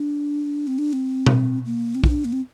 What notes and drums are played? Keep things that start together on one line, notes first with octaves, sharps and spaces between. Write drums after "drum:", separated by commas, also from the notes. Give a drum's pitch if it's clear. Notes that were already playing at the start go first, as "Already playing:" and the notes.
Already playing: D4
C4
D4
C4
drum: tom B2
A#3
C4
E4, drum: kick
D4
A#3
C4